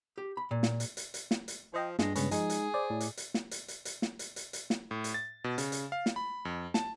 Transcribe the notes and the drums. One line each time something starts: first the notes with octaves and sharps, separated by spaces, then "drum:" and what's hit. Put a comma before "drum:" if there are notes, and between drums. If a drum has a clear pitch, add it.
G4
B5
A#2
drum: snare
drum: hi-hat
drum: hi-hat
drum: hi-hat
drum: snare
drum: hi-hat
F3 C5 D#5 G5
G2 G#3 D4 A#6, drum: snare
C#3 G#3 B3 C#4, drum: hi-hat
F3 G#3 D#4 G#4, drum: hi-hat
drum: hi-hat
C5 D5
A2
drum: hi-hat
drum: hi-hat
drum: snare
drum: hi-hat
drum: hi-hat
drum: hi-hat
drum: snare
drum: hi-hat
drum: hi-hat
drum: hi-hat
drum: snare
A2
drum: hi-hat
A6
B2
C#3, drum: hi-hat
drum: hi-hat
F5
drum: snare
B5
F2
A5, drum: snare